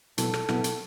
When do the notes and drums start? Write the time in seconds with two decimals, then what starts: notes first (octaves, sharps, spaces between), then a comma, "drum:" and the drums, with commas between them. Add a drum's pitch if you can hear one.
0.18 B2 F#3 B3 E4 A4, drum: hi-hat
0.34 drum: rim click
0.49 B2 F#3 B3 E4, drum: rim click
0.64 drum: hi-hat